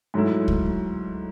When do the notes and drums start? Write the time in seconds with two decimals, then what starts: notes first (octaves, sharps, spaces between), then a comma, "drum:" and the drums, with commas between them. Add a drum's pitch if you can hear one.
0.14 G#2 F#3 A3 E4
0.48 drum: kick